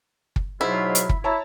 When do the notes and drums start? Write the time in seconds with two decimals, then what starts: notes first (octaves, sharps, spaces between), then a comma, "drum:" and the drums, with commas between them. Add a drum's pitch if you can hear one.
0.36 drum: kick
0.61 G#2 B2 F#3 E4 F4 B6
0.95 drum: hi-hat
1.09 drum: kick
1.24 E4 C#5 A5 A#5